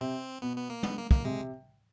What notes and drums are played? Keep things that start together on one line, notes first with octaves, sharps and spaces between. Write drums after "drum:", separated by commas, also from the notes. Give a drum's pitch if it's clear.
C3 C4
B2 B3
B3
A#3
B3, drum: tom
A#3
A#3, drum: kick
C3 G#3